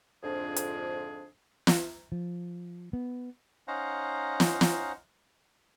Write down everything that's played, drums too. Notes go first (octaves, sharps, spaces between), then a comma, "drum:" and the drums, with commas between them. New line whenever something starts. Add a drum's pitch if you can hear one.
F2 G#2 D3 F3 D4 G#4
drum: hi-hat
drum: snare
F3
B3
C#4 D#4 C5 F5 F#5 A#5
drum: snare
drum: snare